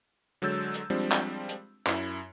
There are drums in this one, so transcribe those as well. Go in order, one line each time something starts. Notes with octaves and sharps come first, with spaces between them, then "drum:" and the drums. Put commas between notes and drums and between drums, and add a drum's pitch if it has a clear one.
D3 F#3 G#3 E6 G6 A6
drum: hi-hat
F3 G3 G#3 C4 D4
drum: clap
drum: hi-hat
F#2 E4, drum: clap